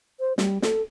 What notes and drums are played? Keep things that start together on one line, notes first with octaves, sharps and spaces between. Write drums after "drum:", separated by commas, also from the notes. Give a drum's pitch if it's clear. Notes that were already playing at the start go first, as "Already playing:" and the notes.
C5
G3, drum: snare
A4, drum: snare